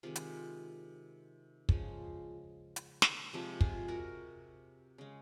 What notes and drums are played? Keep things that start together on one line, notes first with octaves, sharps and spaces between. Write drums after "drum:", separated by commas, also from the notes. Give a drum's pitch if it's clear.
C3 D#3 G#3 F4 G#4
drum: hi-hat
C#3 F3 G#3, drum: kick
drum: hi-hat
drum: snare
C3 F3 G#3
F4 G#4, drum: kick
F#4 A#4
C#3 G#3